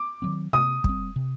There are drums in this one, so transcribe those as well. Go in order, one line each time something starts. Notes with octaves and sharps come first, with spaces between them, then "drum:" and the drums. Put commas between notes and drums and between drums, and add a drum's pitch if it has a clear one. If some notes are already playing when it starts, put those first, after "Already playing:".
Already playing: D6
D#3 F#3 C4
C3 D#6
G3 C4, drum: kick
C3